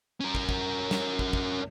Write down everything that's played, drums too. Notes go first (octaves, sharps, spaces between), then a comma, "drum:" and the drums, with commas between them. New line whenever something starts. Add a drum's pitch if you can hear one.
C#4 A#4
drum: kick
drum: kick
drum: snare
drum: kick
drum: kick